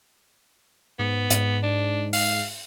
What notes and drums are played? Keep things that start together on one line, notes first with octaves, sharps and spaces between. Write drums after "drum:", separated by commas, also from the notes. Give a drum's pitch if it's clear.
G#2 B3
G#2, drum: hi-hat
D4
F5, drum: open hi-hat